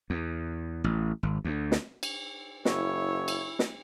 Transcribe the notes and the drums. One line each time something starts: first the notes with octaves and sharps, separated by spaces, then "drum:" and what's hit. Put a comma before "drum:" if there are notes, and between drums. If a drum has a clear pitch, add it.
E2
A1
G#1
D2
drum: snare
drum: cymbal
F#1 E4 C#5, drum: snare
drum: cymbal
drum: snare